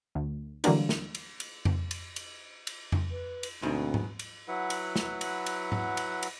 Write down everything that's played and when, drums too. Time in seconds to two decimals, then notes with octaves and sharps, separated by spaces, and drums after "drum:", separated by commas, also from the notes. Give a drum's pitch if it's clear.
0.15 D2
0.64 D3 E3 F#3 G3 A#3 D4, drum: cymbal
0.89 drum: snare
1.15 drum: cymbal
1.40 drum: cymbal
1.65 drum: tom F2
1.91 drum: cymbal
2.16 drum: cymbal
2.67 drum: cymbal
2.92 drum: tom F2
3.11 B4
3.43 drum: cymbal
3.62 D2 G#2 B2 C4
3.94 drum: tom G#2
4.19 drum: cymbal
4.48 F#3 E4 B4 F#5
4.70 drum: cymbal
4.96 drum: snare
5.21 drum: cymbal
5.46 drum: cymbal
5.72 drum: tom G#2
5.97 drum: cymbal
6.23 drum: cymbal